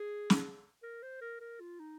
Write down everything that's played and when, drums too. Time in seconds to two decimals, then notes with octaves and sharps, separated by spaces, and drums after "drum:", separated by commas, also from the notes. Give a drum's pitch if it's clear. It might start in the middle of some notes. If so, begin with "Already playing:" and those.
Already playing: G#4
0.30 drum: snare
0.83 A#4
1.02 C5
1.21 A#4
1.40 A#4
1.60 F4
1.80 D#4